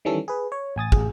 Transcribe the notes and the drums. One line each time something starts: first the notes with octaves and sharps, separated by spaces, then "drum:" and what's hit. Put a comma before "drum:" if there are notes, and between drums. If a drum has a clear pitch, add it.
D#3 E3 G3 C#4 A4
G#4 B4
C#5
A1 G#5 D#6 A6
A1 G#4, drum: kick